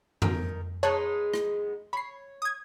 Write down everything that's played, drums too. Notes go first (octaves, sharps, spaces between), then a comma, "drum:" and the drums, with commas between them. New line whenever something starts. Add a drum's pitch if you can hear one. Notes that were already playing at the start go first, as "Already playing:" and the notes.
D#3 A#4, drum: tom F2
G#3 B3 D#4 C#5 A5 F#6
drum: rim click
C#5 B5 C7
D#6 G#6